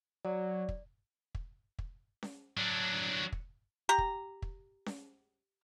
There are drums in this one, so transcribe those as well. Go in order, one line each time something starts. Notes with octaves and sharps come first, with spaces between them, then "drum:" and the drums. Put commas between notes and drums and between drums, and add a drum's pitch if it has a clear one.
F#3 D5
drum: kick
drum: kick
drum: kick
drum: snare C#4
F#3 D4
drum: kick
G4 A#5
drum: kick
drum: kick
drum: snare C#4